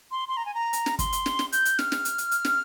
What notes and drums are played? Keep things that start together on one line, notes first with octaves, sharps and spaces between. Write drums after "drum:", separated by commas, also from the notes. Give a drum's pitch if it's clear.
C6
C6
A#5
G#5
A#5
drum: hi-hat
drum: snare
C6, drum: kick, hi-hat
drum: hi-hat
drum: snare
drum: snare
G6, drum: hi-hat
drum: hi-hat
F6, drum: snare
drum: snare
drum: hi-hat
drum: hi-hat
drum: hi-hat
drum: snare